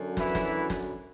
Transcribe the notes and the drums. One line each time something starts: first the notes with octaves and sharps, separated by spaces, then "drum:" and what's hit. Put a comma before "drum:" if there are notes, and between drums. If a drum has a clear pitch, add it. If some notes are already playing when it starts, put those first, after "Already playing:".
Already playing: F#2 D3 F#3
E3 E4, drum: snare
drum: snare
drum: snare